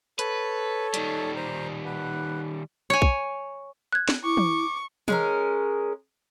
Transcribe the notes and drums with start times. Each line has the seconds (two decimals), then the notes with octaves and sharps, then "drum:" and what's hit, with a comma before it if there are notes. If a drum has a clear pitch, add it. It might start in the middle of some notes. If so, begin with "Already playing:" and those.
0.19 A4 B4 C#5, drum: hi-hat
0.94 D#3 G3, drum: hi-hat
1.36 C5 A#5
1.85 B4 F#5
2.90 C#5 G#5
3.02 drum: kick
3.92 F#6 G#6
4.09 drum: snare
4.24 E4 C#6 D6
4.37 drum: tom
5.08 G#3 C#4 A#4, drum: tom